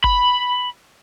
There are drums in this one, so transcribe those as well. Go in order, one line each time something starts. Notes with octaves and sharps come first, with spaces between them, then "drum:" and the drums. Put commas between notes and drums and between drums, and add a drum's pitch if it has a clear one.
B5, drum: kick G1